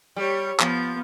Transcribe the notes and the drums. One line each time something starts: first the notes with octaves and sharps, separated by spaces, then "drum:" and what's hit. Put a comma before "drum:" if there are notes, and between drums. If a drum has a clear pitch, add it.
G3 G4 C#5
F3 B3, drum: clap